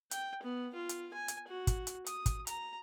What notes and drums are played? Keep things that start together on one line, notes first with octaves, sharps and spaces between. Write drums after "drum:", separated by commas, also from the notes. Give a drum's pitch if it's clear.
G5, drum: hi-hat
B3
F4
drum: hi-hat
G#5
drum: hi-hat
F#4
drum: kick, hi-hat
drum: hi-hat
D#6, drum: hi-hat
drum: kick, hi-hat
A#5, drum: hi-hat